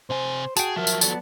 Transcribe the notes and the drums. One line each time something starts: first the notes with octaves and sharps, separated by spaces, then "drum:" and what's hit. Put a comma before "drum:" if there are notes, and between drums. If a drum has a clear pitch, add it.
C3 C5 G#5
F#4 G#4 G5 A5, drum: tambourine
F3 F#3 A#4 E5 A5
drum: tambourine
B3 A4 D5 A5, drum: tambourine